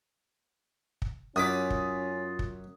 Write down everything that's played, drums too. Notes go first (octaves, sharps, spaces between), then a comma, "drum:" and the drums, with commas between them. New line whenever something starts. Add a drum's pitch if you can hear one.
drum: kick
F#2 C#4 F4 B5 D6 D#6 B6
drum: kick
drum: kick